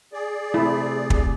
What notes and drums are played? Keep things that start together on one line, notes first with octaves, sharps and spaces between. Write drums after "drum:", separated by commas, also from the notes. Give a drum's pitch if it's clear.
G#4 D5
C3 A3 E4
drum: kick